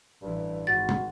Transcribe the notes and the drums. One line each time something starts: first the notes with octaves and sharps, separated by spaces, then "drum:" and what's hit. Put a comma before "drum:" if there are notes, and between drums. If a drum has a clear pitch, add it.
A1 G2 E3
G#1 F#4 A6
drum: tom